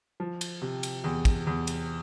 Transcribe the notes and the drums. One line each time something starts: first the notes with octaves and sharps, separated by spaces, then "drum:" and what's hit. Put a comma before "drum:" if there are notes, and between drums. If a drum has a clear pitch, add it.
F3
drum: cymbal
C3
drum: cymbal
E2
drum: kick, cymbal
E2
drum: cymbal